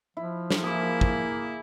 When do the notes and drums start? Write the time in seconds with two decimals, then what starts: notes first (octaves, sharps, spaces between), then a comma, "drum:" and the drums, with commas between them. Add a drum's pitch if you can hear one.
0.17 F3 E4
0.51 drum: snare
0.64 A#3 E4 G#4 D6
1.01 drum: kick